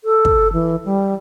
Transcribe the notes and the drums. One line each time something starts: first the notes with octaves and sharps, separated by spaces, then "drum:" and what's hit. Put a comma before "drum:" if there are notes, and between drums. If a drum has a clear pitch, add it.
A4
drum: kick
E3
G3